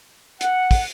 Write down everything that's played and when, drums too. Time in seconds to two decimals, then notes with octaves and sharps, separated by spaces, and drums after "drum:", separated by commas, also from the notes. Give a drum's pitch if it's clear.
0.41 F#5, drum: hi-hat
0.71 drum: kick, open hi-hat